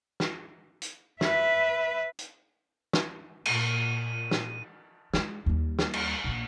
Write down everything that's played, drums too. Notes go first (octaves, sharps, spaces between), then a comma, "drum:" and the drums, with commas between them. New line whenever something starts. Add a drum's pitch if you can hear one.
drum: snare
drum: hi-hat
B4 E5, drum: snare
drum: hi-hat
drum: snare
A#2 D#7, drum: cymbal
drum: snare
G#3 A3, drum: snare
D#2 G3
drum: snare
drum: cymbal
A#1 A#3